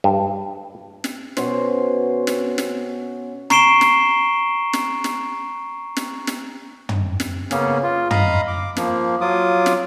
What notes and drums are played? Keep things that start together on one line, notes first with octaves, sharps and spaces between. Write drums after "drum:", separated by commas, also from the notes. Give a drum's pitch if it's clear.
G2
drum: snare
B2 C#4 F#4 C5, drum: snare
drum: snare
drum: snare
A#5 C#6 C7 D7 E7 G7, drum: snare
drum: snare
drum: snare
drum: snare
drum: snare
drum: snare
drum: tom
drum: snare
C#3 A#3 B3 C#4, drum: snare
F4
D#5 F5 A#5 B5 D#6, drum: tom
D6
F3 A#3, drum: snare
F#3 F4 D6 D#6
drum: snare